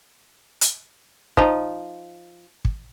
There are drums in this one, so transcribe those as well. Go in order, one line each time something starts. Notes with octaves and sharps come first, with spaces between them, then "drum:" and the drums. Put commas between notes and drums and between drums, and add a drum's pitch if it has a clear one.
drum: hi-hat
F3 D#4, drum: kick
drum: kick